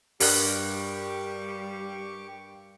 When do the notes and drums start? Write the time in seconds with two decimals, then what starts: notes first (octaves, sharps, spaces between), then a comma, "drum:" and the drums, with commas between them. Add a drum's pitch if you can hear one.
0.20 G2 G3 G4 A#4 C#6 D6 F#6, drum: open hi-hat